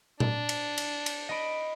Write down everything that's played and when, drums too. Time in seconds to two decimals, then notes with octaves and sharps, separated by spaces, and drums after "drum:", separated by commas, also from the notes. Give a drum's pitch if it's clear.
0.20 D4, drum: tom A#2
0.49 drum: cymbal
0.78 drum: cymbal
1.06 drum: cymbal
1.29 D#5 B5 D7